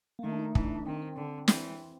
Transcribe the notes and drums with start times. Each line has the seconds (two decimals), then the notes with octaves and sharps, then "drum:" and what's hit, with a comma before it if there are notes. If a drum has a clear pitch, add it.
0.19 A#3
0.24 D#3 A3
0.32 D4
0.39 D#4
0.55 E3 D4, drum: kick
0.86 D#3 C4
1.02 C4
1.17 D3
1.48 E3 C4, drum: snare